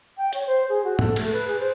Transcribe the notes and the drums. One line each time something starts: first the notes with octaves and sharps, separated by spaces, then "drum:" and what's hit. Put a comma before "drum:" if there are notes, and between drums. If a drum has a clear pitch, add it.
G5
C#5, drum: hi-hat
C5
G#4
F#4
A4, drum: tom
A3, drum: cymbal
B4
G#4
C5